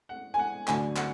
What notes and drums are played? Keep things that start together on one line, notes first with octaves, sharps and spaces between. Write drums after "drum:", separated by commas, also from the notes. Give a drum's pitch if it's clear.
F#5
G#5
F#5
D2 D3 F#3 G#5, drum: clap
F#5, drum: clap